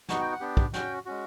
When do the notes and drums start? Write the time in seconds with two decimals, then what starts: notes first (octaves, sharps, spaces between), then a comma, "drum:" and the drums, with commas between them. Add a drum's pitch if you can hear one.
0.09 B3 D#4 F#4 F#5, drum: snare
0.21 G5
0.32 F#5
0.40 B3 D4 G4
0.57 drum: kick
0.74 C#4 F#4 G5, drum: snare
1.06 G#3 C#4 F#4